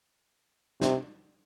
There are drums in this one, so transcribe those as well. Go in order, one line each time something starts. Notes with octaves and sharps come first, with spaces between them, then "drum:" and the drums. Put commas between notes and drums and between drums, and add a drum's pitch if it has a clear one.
C3, drum: snare